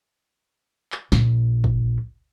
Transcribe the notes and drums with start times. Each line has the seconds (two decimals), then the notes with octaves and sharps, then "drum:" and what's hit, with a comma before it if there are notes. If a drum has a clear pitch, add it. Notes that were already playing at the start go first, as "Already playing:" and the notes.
0.92 drum: clap
1.12 A#1, drum: snare
1.64 drum: kick